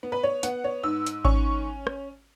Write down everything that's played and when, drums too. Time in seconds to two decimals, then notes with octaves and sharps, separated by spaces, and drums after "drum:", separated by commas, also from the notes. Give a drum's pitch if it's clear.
0.03 B3
0.12 B4
0.23 C#5
0.43 B3 F#5, drum: hi-hat
0.64 C#5
0.83 G#2 E6
1.07 drum: hi-hat
1.25 C#4 C#6, drum: kick G#1
1.87 drum: rim click